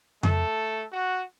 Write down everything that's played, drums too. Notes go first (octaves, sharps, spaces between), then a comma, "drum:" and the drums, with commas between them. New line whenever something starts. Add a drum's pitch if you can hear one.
A3 A4, drum: tom F2
F#4